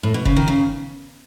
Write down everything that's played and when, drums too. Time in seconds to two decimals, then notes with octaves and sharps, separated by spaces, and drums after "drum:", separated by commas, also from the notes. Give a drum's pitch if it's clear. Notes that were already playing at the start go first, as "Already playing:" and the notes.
0.03 A2
0.14 B2
0.25 C#3, drum: kick F1
0.36 D#3
0.48 C#3